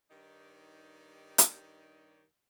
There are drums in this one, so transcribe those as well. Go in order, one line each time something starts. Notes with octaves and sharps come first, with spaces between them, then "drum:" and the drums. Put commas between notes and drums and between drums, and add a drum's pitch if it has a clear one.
G2 D#3 D#4 G4 C#5 D5
drum: hi-hat